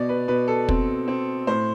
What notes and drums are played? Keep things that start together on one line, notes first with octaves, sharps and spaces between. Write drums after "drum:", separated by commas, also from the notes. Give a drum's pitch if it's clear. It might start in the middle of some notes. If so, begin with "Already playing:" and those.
Already playing: B2 D5
B4
B2 B4
A4
C4, drum: kick
C4
A2 C5